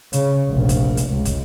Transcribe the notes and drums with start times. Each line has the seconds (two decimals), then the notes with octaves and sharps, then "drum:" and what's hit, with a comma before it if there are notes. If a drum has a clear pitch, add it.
0.13 C#3, drum: hi-hat
0.49 F1 A#1
0.69 drum: kick, hi-hat
0.97 drum: hi-hat
1.10 C#2
1.25 drum: kick, hi-hat